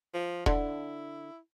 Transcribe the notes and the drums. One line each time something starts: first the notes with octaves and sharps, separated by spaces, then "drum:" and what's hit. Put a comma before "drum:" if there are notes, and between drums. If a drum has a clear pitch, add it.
F3
D3 E4, drum: kick E1